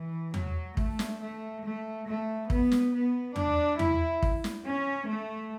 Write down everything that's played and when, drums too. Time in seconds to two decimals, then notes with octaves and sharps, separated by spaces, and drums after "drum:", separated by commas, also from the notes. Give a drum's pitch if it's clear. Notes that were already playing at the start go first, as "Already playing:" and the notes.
Already playing: E3
0.34 F#3, drum: tom E2
0.77 A3, drum: kick
0.99 drum: snare
1.20 A3
1.64 A3
2.07 A3
2.50 B3, drum: kick
2.72 drum: snare
2.93 B3
3.36 D4, drum: tom E2
3.79 E4, drum: tom E2
4.22 drum: kick
4.44 drum: snare
4.66 C#4
5.08 A3